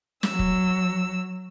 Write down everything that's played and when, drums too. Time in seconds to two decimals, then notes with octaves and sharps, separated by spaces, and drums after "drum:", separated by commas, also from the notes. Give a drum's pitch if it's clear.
0.23 F#3 E6, drum: snare
0.39 drum: kick